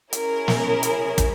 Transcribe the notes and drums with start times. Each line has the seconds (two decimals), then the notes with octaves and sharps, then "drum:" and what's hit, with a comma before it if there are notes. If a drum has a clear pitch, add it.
0.13 C#4 E4 G#4 A#4, drum: hi-hat
0.48 drum: snare
0.83 drum: hi-hat
1.18 drum: kick, hi-hat